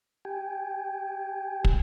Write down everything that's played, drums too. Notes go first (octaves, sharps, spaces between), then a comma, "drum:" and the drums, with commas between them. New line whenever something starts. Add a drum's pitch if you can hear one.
G4 G5 G#5
drum: kick